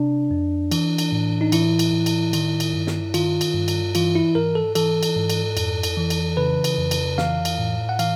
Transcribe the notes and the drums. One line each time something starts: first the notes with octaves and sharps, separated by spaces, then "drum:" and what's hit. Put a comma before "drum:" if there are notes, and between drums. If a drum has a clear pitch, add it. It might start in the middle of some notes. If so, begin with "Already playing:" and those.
Already playing: C3 D4
F2
E3, drum: cymbal
drum: cymbal
A2
D#4
E3 E4, drum: cymbal
drum: cymbal
A2
drum: cymbal
D#3, drum: cymbal
drum: cymbal
G2
drum: snare
D#3 F4, drum: cymbal
drum: cymbal
G2
drum: cymbal
E3 F4, drum: cymbal
E4
G#2 A#4
A4
E3 A4, drum: cymbal
drum: cymbal
G#2
drum: cymbal
F2, drum: cymbal
drum: cymbal
E3
drum: cymbal
C#3 B4
drum: cymbal
F2
drum: cymbal
E3 F5, drum: snare
drum: cymbal
A2
F#5
E3 F5, drum: cymbal